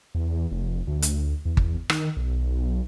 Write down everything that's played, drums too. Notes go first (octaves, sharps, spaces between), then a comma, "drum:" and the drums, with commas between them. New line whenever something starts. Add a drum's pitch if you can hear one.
E2
F1
D2
drum: hi-hat
E2
drum: kick G1
D#3, drum: rim click
B1